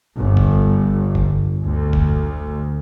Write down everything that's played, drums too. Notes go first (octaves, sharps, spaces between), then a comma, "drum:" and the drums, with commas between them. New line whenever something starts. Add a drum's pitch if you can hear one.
G1
drum: kick F#1
drum: kick F#1
D2
drum: kick F#1